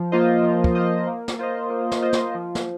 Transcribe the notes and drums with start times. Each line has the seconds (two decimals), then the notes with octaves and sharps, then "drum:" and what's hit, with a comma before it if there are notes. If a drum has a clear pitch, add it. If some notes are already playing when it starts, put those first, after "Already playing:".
Already playing: F3
0.12 A#3 F4 C5 D#5
0.43 F3
0.64 drum: kick
0.75 A#3 F4 C5 D#5
1.07 A#3
1.28 drum: snare
1.39 F4 C5 D#5
1.70 A#3
1.91 drum: snare
2.02 F4 C5 D#5
2.13 drum: snare
2.34 F3
2.55 drum: snare